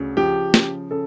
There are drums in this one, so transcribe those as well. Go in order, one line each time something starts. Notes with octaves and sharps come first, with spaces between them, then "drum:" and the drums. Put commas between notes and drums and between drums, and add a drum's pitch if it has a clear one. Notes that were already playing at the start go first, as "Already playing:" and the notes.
Already playing: D2 C#3
F3 G4
C#3, drum: snare
C#3 A4